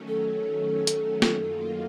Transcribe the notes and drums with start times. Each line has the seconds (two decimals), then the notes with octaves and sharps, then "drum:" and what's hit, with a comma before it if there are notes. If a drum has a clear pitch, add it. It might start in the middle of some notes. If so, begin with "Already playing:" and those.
Already playing: D#3 F#3 A3 C#4
0.08 A4
0.87 drum: hi-hat
1.22 drum: snare
1.35 F#2 D#3 F#3 A#3 F4